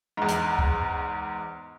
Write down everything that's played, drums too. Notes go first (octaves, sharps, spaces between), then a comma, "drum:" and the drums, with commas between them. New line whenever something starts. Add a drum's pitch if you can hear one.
E2 G#2
drum: hi-hat
drum: kick C#2